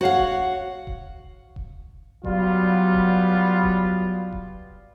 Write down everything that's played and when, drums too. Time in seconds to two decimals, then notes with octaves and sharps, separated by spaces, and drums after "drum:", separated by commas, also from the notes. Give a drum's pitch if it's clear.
0.01 F#4 C#5 F5 F#5
0.18 drum: kick D#1
0.87 drum: kick D#1
1.56 drum: kick D#1
2.25 F#3 G3 B3 F4, drum: kick D#1
2.94 drum: kick D#1
3.63 drum: kick D#1
4.32 drum: kick D#1